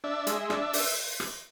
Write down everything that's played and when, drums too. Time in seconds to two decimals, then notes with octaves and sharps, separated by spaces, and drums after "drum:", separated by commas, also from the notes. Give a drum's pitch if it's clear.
0.04 D4 E5
0.27 G#3, drum: hi-hat
0.50 D4 E5, drum: rim click
0.73 drum: open hi-hat
1.20 drum: rim click